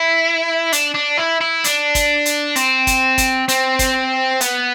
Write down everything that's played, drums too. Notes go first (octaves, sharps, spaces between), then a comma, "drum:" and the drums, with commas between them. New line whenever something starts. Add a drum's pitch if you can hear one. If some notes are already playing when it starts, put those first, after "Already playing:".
Already playing: E4
D4, drum: hi-hat
D4
E4
E4
D4, drum: hi-hat
drum: kick, hi-hat
drum: hi-hat
C4, drum: hi-hat
drum: kick, hi-hat
drum: kick, hi-hat
C4, drum: hi-hat
drum: kick, hi-hat
B3, drum: hi-hat